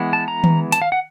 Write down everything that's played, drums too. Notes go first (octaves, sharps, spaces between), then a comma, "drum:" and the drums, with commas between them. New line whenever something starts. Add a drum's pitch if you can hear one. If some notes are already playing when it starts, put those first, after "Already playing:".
Already playing: E3 G#3 B3
A5
A#5
drum: tom D#3
A5, drum: hi-hat
F5
F#5